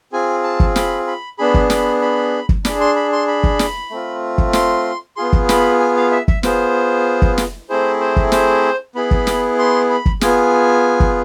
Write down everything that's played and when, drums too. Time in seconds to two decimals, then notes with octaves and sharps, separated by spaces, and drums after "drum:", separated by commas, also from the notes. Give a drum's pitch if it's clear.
0.12 C4 F4 G#4 G#5
0.43 A5
0.60 drum: kick
0.76 B5, drum: snare
1.07 B5
1.38 B3 D4 G#4 B5
1.54 drum: kick
1.70 B5, drum: snare
2.02 B5
2.49 drum: kick
2.65 D4 G#4 B5, drum: snare
2.80 C6
2.96 B5
3.12 C6
3.28 B5
3.44 drum: kick
3.59 drum: snare
3.90 A3 C4 F4
4.38 drum: kick
4.53 C6, drum: snare
5.16 B3 F4 G#4 C6
5.33 drum: kick
5.49 B5, drum: snare
5.80 G#5
5.96 F5
6.11 E5
6.28 E5, drum: kick
6.43 B3 F4 G#4 C5, drum: snare
7.22 drum: kick
7.38 drum: snare
7.69 A3 C4 E4 G#4 C5
8.01 C5
8.16 drum: kick
8.32 C5, drum: snare
8.95 B3 E4 G#4 B5
9.11 drum: kick
9.27 drum: snare
9.59 C6
9.90 B5
10.06 drum: kick
10.21 B3 F4 G#4 G#5, drum: snare
11.00 drum: kick